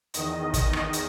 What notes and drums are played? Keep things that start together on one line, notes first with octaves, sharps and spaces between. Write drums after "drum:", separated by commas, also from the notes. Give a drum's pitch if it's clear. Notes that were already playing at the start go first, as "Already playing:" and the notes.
E2 D#3 D#5, drum: hi-hat
drum: kick, hi-hat
drum: rim click
drum: hi-hat